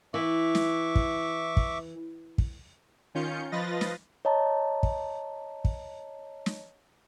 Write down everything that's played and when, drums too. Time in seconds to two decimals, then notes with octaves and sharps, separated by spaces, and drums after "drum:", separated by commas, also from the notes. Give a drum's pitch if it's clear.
0.14 E3 E5 C#6 D6
0.55 drum: snare
0.95 drum: kick
1.57 drum: kick
2.38 drum: kick
3.14 D#3 C#4 F4 G6 C#7
3.52 F3 F4 B4 D#5 A6 A#6
3.81 drum: snare
4.25 C#5 D#5 A5 A#5
4.83 drum: kick
5.65 drum: kick
6.46 drum: snare